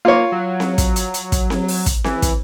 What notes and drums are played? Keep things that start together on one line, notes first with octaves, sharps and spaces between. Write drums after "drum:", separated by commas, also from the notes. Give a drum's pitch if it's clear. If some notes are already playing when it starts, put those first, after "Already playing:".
A#3 F4 C#5
F#3
drum: snare C4
drum: kick, hi-hat
drum: hi-hat
drum: hi-hat
drum: kick, hi-hat
drum: snare C4
drum: open hi-hat
drum: kick, hi-hat
E3, drum: snare C4
drum: kick, hi-hat